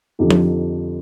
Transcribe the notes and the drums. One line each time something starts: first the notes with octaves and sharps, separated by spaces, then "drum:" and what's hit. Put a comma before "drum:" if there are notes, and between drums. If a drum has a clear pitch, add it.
F2 D3 F3 D#4 G4
drum: tom F3